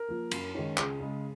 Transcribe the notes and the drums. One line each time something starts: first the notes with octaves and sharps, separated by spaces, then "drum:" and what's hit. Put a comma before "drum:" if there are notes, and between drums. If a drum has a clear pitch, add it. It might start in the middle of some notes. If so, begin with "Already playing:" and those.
Already playing: A#4
F3 A#3
F#2, drum: cymbal
D#3 G#3 C#4
C#2 G#4, drum: clap
C#3 G#3